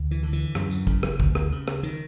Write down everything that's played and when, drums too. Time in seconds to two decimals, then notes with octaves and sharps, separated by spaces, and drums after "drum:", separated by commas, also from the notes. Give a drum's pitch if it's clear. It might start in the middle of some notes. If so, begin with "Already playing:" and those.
Already playing: D2
0.11 E3
0.23 D3
0.33 E3
0.55 F#2, drum: rim click
0.71 drum: tambourine
0.87 C#3, drum: kick
1.03 drum: rim click
1.20 D2, drum: kick
1.35 drum: rim click
1.52 C#3
1.68 drum: rim click
1.83 D#3